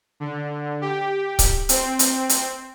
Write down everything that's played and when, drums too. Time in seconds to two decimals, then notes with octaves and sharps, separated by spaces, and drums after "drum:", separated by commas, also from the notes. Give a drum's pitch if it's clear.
0.20 D3
0.81 G4
1.39 drum: kick C#1, hi-hat
1.69 C4, drum: hi-hat
1.99 drum: hi-hat
2.29 drum: hi-hat